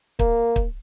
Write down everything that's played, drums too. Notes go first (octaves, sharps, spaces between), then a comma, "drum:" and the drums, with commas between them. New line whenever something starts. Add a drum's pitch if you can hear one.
A#3, drum: kick
drum: kick